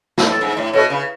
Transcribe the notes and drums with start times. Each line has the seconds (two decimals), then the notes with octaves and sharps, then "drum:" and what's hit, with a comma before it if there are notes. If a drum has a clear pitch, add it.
0.18 B2, drum: snare
0.24 A2 A4
0.41 G#2
0.57 A2
0.73 B2 A4 C#5
0.90 C#3 B4